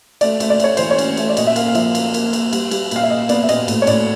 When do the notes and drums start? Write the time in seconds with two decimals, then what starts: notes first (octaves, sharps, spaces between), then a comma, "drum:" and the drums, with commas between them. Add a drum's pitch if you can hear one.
0.21 A3 D5, drum: cymbal
0.40 A3, drum: cymbal
0.50 D5
0.60 A3 C#5, drum: cymbal
0.77 E3 C5, drum: cymbal
0.91 C#5
0.98 C#4, drum: cymbal
1.17 A3, drum: cymbal
1.29 D5
1.37 A#2 D#5, drum: cymbal
1.47 E5
1.56 A#3 F5, drum: cymbal
1.68 F5
1.75 F3 E5, drum: cymbal
1.95 A#3, drum: cymbal
2.14 A#3, drum: cymbal
2.33 A#3, drum: cymbal
2.53 G3, drum: cymbal
2.71 G3, drum: cymbal
2.91 A#2 F5, drum: cymbal
3.03 E5
3.10 A#2 D#5
3.29 B3 D5, drum: cymbal
3.43 E5
3.49 A#2 D#5, drum: cymbal
3.68 A2, drum: cymbal
3.82 C#5
3.87 A2 D5, drum: cymbal